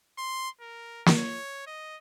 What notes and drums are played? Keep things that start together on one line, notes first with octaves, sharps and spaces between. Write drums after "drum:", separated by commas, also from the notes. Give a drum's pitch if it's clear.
C6
A#4
drum: snare
C#5
D#5